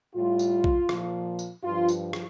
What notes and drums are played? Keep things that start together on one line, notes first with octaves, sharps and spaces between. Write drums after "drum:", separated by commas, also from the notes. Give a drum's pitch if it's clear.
A2 G3 F4
drum: tambourine
drum: kick A#1
A#2 F3, drum: rim click
drum: tambourine
G2 F3 F4
drum: tambourine
drum: rim click